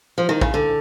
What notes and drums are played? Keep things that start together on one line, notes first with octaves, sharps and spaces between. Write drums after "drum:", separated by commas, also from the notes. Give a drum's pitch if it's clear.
F3
D#3
C#3, drum: kick
D3